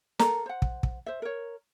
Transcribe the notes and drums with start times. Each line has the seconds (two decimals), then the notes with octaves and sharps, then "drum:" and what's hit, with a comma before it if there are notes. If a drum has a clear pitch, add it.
0.19 A4 A#4 A#5, drum: snare
0.46 C5 F#5
0.62 drum: kick
0.83 drum: kick
1.06 C5 E5
1.22 A#4 C#5